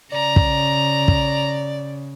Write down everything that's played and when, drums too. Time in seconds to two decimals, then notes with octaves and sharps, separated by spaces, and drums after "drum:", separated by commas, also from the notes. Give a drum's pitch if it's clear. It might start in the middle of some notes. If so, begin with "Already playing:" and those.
0.12 C#3 D5 A#5
0.36 drum: kick
1.08 drum: kick